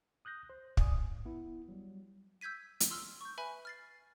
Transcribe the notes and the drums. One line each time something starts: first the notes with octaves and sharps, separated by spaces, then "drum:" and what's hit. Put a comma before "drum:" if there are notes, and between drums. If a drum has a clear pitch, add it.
D#6 F#6 G6 A#6
C5
D5 G#5 D#6, drum: kick
G#2
B3 E4
F#3 G3
E6 G6 G#6 B6 D#7
drum: hi-hat
C6 E6 F6
C#6 G6
B4 E5 G#5 B5
F6 A6 C7